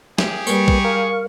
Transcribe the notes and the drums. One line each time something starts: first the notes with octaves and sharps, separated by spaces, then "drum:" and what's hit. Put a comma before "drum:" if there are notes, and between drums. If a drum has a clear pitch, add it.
G4 G#4, drum: snare
G3 A#3 B4 C#6, drum: tambourine
drum: kick
A#4 F5